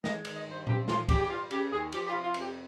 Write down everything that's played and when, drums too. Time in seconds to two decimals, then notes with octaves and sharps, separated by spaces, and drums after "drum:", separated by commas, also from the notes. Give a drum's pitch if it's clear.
0.04 G#3 D#5, drum: snare
0.25 D#3, drum: cymbal
0.35 D#5
0.46 G2 C5
0.67 C4 G4, drum: tom A#2
0.88 F3 F4, drum: snare
1.09 C#3 G4, drum: kick, cymbal
1.20 G4
1.30 G3 F4
1.51 C#3 G4, drum: cymbal
1.71 D#2 G#4
1.92 F3 G4, drum: cymbal
2.05 G4
2.08 F4
2.13 C3
2.24 F4
2.34 F2, drum: cymbal
2.40 G4